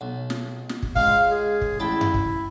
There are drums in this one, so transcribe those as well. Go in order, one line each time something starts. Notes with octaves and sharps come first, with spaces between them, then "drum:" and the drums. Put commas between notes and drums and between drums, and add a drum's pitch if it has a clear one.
B1
drum: snare
drum: snare
drum: kick
C#2 G#3 F5, drum: kick
G#4
drum: kick
A1 E4 G5 A5
drum: tom F#2
drum: kick